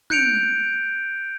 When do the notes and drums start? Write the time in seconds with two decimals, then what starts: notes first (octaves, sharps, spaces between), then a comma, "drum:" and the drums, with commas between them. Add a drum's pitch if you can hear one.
0.10 F#6 G6 C#7 D7 F7, drum: tom